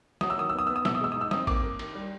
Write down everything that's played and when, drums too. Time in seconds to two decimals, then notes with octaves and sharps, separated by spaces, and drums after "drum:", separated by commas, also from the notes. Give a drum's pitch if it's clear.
0.21 F#3 D#6, drum: snare
0.30 E6
0.37 D#3 D#6
0.49 B3 E6
0.59 D#6
0.67 B3 E6
0.76 D#6
0.85 B2 E6, drum: snare
0.95 D#6
1.01 G#3 E6
1.12 D#4 D#6
1.21 E6
1.31 C4 D#6, drum: snare
1.47 A#3 D6, drum: kick G#1, cymbal
1.63 A#3
1.79 D#3, drum: cymbal
1.95 G3